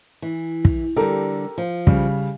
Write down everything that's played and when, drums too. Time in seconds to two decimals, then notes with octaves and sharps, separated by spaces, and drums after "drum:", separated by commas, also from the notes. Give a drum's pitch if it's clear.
0.22 E3
0.65 drum: kick
0.96 D3 G3 G4 A4 A#4
1.58 F3
1.87 C#3 G3, drum: kick